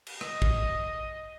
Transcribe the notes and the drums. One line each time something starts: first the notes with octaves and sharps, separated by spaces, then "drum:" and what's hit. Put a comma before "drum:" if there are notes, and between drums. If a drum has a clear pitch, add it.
drum: cymbal
D#5, drum: rim click
drum: kick